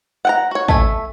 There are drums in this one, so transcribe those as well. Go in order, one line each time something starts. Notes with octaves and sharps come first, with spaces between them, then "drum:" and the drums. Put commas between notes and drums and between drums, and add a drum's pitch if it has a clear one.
F#5 G5 A#5
F#4 C#5
A3 E5 G#5, drum: kick